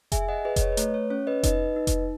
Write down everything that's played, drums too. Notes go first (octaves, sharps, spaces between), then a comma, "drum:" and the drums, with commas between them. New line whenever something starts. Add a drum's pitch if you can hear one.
G#4 E5 G#5, drum: kick F1, hi-hat
D#5 F#5
G#4 B4 D#5
D#5, drum: kick F1, hi-hat
C#5
B4
A3 C#5, drum: hi-hat
C#5
C#4 C#5
B4 D#5
D#4 B4 D#5, drum: kick F1, hi-hat
D#4
drum: kick F1, hi-hat